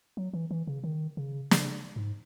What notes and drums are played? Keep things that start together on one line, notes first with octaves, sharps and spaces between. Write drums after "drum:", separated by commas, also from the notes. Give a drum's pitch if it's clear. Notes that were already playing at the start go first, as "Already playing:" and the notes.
F#3
E3
E3
C#3
D#3
C#3
C#3, drum: snare
G#2